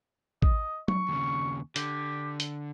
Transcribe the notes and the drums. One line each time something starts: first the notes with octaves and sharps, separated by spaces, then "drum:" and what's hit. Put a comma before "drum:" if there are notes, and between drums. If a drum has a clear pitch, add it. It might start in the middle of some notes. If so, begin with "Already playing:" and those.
D#5, drum: kick
C#6, drum: tom
D#2 C#3
D3 G4, drum: hi-hat
drum: hi-hat